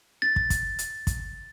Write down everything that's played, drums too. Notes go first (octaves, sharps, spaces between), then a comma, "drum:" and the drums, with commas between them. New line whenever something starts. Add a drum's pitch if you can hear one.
A6
drum: kick
drum: kick, hi-hat
drum: hi-hat
drum: kick, hi-hat